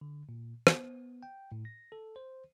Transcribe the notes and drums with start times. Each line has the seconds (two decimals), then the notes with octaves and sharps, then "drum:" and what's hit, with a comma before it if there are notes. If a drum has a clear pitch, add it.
0.01 D3
0.29 A#2
0.67 B3, drum: rim click
1.23 G5
1.52 A2
1.65 A#6
1.92 A4
2.16 C5